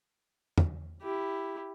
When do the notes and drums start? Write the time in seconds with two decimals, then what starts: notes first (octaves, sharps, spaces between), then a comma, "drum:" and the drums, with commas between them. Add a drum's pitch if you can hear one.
0.58 drum: tom
1.02 E4 G4